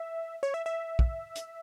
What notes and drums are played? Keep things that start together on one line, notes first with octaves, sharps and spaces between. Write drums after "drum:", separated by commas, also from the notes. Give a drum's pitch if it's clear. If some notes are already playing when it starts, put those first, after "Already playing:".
Already playing: E5
C#5
E5
E5
drum: kick
drum: hi-hat